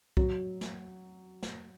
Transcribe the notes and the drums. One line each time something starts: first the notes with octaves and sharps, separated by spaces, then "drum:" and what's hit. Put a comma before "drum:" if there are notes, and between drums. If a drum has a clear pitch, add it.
F#3, drum: kick B1
drum: snare
drum: snare